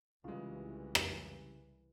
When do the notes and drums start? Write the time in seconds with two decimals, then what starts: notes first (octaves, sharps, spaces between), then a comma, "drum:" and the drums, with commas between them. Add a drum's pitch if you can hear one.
0.24 C2 C#3 E3 G3 G#3 F4
0.95 drum: rim click